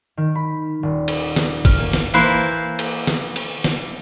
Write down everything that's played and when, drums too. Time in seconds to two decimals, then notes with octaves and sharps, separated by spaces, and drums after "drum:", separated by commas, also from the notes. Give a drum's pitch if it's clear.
0.17 D#3
0.35 B5
0.83 D#1
1.08 drum: cymbal
1.36 drum: snare
1.65 F6, drum: kick, cymbal
1.78 A#3
1.93 drum: snare
2.14 E3 A#3 B4 C5
2.79 drum: cymbal
3.07 drum: snare
3.36 drum: cymbal
3.64 drum: snare